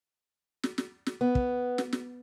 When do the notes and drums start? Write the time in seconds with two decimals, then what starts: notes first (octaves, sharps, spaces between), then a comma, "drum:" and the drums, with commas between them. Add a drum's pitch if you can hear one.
0.63 drum: snare
0.78 drum: snare
1.06 drum: snare
1.21 B3
1.35 drum: kick
1.78 drum: snare
1.93 drum: snare